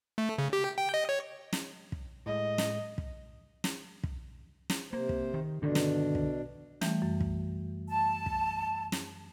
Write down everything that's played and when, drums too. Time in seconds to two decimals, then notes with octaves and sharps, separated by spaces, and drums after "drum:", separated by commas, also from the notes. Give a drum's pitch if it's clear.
0.18 A3
0.38 C#3
0.53 G4
0.78 G5
0.94 D#5
1.09 C#5
1.53 drum: snare
1.92 drum: kick
2.26 A2 G#3 D#5
2.58 drum: snare
2.98 drum: kick
3.64 drum: snare
4.04 drum: kick
4.70 drum: snare
4.93 C3 A#3 C5
5.09 drum: kick
5.34 D#3
5.62 G2 B2 D3 D#3 D4
5.75 drum: snare
6.15 drum: kick
6.81 E3 G3 A3, drum: snare
7.02 F#2
7.20 drum: kick
7.90 A5
8.26 drum: kick
8.92 drum: snare